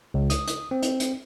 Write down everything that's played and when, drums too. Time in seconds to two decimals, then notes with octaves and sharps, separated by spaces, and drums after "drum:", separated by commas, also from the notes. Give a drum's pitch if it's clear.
0.14 C#2
0.30 D#6, drum: hi-hat
0.47 drum: hi-hat
0.71 C4
0.82 drum: hi-hat
1.00 drum: hi-hat